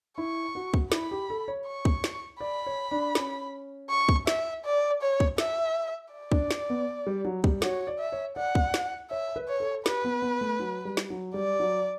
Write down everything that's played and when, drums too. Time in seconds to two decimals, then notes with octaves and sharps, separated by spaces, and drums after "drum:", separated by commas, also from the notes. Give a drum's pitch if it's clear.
0.18 E4 C#6
0.55 F#4
0.74 drum: kick
0.92 E4 B5, drum: snare
1.11 G4
1.30 A4
1.48 C#5
1.67 C#6
1.85 drum: kick
2.04 drum: snare
2.40 D5 B5
2.67 C#5
2.91 D4
3.15 C#4, drum: snare
3.90 C#6
4.09 drum: kick
4.27 E5, drum: snare
4.65 D5
5.02 C#5
5.20 drum: kick
5.38 E5, drum: snare
6.14 D5
6.32 D4, drum: kick
6.51 drum: snare
6.70 B3
7.07 G3
7.25 F#3
7.44 G3, drum: kick
7.62 F#4 C#5, drum: snare
7.87 D5
7.99 E5
8.12 C#5
8.36 D5 F#5
8.55 drum: kick
8.74 drum: snare
9.11 C#5 E5
9.36 B4
9.48 C#5
9.60 A4
9.86 G4 B4, drum: snare
10.04 B3
10.22 B3
10.41 A3
10.60 F#3
10.85 G3
10.97 drum: snare
11.10 F#3
11.34 G3 D5
11.60 F#3